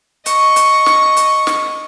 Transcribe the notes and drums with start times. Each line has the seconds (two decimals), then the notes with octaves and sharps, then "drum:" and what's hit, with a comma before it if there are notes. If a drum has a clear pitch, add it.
0.26 D#5 C#6, drum: hi-hat
0.56 drum: hi-hat
0.86 drum: snare
1.17 drum: hi-hat
1.47 drum: snare